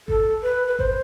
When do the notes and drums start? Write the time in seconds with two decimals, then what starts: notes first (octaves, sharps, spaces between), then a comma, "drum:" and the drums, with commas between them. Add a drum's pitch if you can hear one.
0.08 A4, drum: kick G#1
0.43 B4
0.67 B4
0.79 C5, drum: kick G#1